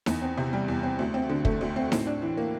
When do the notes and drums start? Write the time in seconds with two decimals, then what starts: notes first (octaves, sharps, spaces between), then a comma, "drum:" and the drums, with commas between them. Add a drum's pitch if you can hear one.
0.06 E2, drum: snare D#4
0.22 C4
0.37 C3
0.53 G3
0.68 E2
0.83 C4
0.99 D2
1.14 C4
1.29 D3
1.45 A3, drum: kick
1.61 D2
1.76 C4
1.92 A2, drum: snare D#4
2.07 D4
2.22 E3
2.37 A#3